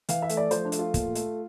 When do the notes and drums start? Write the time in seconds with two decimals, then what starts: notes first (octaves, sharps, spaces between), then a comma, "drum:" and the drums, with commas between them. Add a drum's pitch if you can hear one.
0.09 E3 F5, drum: hi-hat
0.22 E5
0.29 A3, drum: hi-hat
0.37 D5
0.51 F3 C5, drum: hi-hat
0.65 D4
0.72 A3, drum: hi-hat
0.79 F4
0.94 A#2, drum: kick, hi-hat
1.15 A3, drum: hi-hat